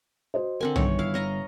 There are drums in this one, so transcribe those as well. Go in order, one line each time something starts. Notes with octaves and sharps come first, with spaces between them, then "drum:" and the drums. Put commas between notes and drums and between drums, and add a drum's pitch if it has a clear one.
F#4 C5 D#5
D3 C4 A#4 G#5
G1 D#3 C#5, drum: tom
E4 F5
C#5 D#5 A#5